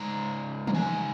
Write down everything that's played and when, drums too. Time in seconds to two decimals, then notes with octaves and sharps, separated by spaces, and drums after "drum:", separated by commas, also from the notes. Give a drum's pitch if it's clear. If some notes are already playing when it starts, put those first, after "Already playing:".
Already playing: C#3 G#3 D#4 A#5
0.67 A#5, drum: tom D#3
0.74 C#3 G#3 D#4 G#5